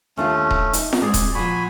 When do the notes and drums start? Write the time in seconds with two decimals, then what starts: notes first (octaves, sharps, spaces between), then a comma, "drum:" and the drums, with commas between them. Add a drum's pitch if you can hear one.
0.17 D#2 A3 C#4 D4 F4
0.51 drum: kick D#1
0.73 D#4, drum: hi-hat
0.93 drum: snare
1.02 G#3 C4 G#4 D5
1.14 drum: kick D#1, hi-hat
1.35 A#2 F3 F#4 G#5 B5